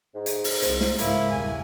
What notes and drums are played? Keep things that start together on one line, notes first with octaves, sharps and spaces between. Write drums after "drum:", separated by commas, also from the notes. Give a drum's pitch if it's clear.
G#2
drum: hi-hat
drum: open hi-hat
C2 C5, drum: hi-hat
drum: snare
C#2 G#2 A3 A#3 E4 F5, drum: hi-hat
B1 E2 G3 G#5